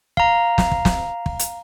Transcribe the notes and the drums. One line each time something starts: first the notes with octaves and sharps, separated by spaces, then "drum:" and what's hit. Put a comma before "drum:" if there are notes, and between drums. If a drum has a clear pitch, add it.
F5 A#5, drum: kick
drum: snare
drum: kick
drum: snare
drum: kick
drum: hi-hat